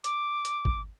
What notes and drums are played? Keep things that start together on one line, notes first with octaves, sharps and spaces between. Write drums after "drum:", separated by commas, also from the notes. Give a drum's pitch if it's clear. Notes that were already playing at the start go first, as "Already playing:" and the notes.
D6, drum: hi-hat
drum: hi-hat
drum: kick